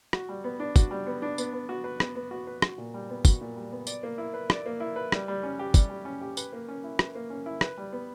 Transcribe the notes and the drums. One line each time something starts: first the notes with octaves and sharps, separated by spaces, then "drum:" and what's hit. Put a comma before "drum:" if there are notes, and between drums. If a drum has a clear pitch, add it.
F#4, drum: rim click
G3
B3
D4
F#4, drum: kick, tambourine
G3
B3
D4
B3, drum: tambourine
B3
F#4
B4
B3, drum: rim click
B3
F#4
B4
F#4, drum: rim click
A#2
G3
B3
F#4, drum: kick, tambourine
A#2
G3
B3
D5, drum: tambourine
A#3
E4
B4
D5, drum: rim click
A#3
E4
B4
G3, drum: rim click
G3
C#4
G4
G3, drum: kick, tambourine
G3
C#4
G4
B4, drum: tambourine
A#3
C#4
E4
B4, drum: rim click
A#3
C#4
E4
B4, drum: rim click
G3
B3